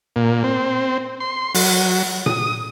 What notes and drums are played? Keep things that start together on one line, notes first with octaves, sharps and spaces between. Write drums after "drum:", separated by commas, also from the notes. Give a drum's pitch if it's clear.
A#2
C4
C6
F#3, drum: open hi-hat
D#6, drum: tom A#2